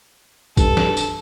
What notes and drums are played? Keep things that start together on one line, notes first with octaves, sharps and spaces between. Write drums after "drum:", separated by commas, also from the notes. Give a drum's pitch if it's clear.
G2 A4, drum: kick, tambourine
drum: snare
drum: tambourine